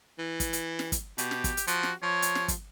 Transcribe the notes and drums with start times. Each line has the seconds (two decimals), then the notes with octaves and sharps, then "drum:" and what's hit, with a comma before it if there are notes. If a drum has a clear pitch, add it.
0.19 E3
0.40 drum: kick, hi-hat
0.53 drum: hi-hat
0.79 drum: snare
0.92 drum: kick, hi-hat
1.18 B2 G4, drum: hi-hat
1.31 drum: snare
1.44 drum: kick, hi-hat
1.57 drum: hi-hat
1.67 F3 F#4, drum: hi-hat
1.83 drum: snare
2.03 F3 C#5
2.22 drum: hi-hat
2.35 drum: snare
2.48 drum: kick, hi-hat